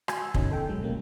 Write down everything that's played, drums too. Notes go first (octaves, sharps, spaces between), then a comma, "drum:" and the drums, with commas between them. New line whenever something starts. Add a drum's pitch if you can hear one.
F#4 G#5, drum: rim click
E6
B2 D3 C#4 D#4, drum: kick
A4 G5
C2 F#3 G#3
B2 G3 A#3 C#4